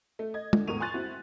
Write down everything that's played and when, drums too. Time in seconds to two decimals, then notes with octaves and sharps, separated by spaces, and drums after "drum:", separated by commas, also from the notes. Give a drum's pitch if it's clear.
0.19 A3
0.34 D#5 G#6
0.53 D3, drum: tom
0.67 E2 A2 A#3 C#6 D#7 F7
0.80 G#5 C6 C#6 F#6 A6
0.94 C4 E4 F#4